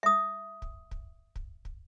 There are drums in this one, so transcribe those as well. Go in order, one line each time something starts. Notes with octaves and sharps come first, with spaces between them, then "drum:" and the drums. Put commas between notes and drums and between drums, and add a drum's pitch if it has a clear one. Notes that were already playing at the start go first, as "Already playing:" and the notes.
E5 D#6
drum: kick
drum: kick
drum: kick
drum: kick